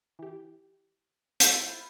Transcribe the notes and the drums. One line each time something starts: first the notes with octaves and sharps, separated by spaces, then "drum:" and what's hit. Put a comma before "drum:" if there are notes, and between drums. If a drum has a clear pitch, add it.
E3 G4
E4 F4 G6, drum: hi-hat